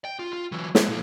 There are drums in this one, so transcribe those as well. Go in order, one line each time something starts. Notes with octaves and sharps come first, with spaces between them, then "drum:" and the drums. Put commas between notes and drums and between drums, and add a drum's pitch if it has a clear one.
G5
F4
F4
E3 F#3
G#3 A#3, drum: snare
A#2 F3